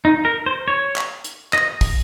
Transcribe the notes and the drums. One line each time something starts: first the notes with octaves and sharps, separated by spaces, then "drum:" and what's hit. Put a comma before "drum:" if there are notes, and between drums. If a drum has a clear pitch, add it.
D#4
A#4
C5
C#5
drum: clap
drum: hi-hat
D#5, drum: clap
drum: kick, open hi-hat